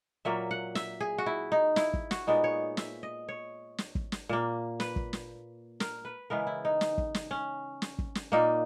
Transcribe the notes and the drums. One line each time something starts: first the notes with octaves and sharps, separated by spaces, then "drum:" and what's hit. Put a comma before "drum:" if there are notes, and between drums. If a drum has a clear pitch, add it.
A#2 F#3 A#3 E5
F#5
E5, drum: snare
G#4
F#4
E4
D#4
E4, drum: snare
drum: kick
F#4, drum: snare
A#2 G#3 B3 D#4
C#5
E5, drum: snare
D#5
C#5
drum: snare
drum: kick
drum: snare
A#2 A#3
B4, drum: snare
drum: kick
drum: snare
A#4, drum: snare
B4
C#3 E3 G#3 B3 A#4
E4
D#4
drum: snare
drum: kick
drum: snare
C#4
drum: snare
drum: kick
drum: snare
A#2 A#3 D#4